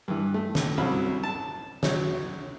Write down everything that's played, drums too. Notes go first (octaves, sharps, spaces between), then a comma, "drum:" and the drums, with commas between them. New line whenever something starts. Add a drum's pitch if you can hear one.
G2 E3
A3
drum: snare
C2 F#3 C#4 B5
A5
F#3 C#5, drum: snare